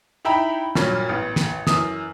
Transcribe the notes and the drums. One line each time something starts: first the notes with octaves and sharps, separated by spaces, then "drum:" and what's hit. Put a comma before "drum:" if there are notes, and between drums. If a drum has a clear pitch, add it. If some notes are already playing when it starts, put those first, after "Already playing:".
D#4 E4 E5 G5 A#5 B5
G2 A#2 F#3, drum: snare
A1 B3
drum: snare
F#2 E3 D#6, drum: snare